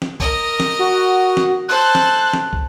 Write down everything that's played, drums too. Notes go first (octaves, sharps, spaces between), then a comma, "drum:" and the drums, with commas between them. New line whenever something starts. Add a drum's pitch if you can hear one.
drum: snare
A#4 D#5, drum: kick
drum: snare
F#4
drum: snare
A4 C5 F#6
drum: snare
drum: snare
drum: kick